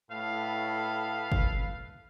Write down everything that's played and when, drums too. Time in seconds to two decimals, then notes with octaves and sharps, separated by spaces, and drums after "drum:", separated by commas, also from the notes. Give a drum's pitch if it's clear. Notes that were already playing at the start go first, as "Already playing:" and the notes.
0.11 A2 A4 B4 F5
1.32 drum: kick F#1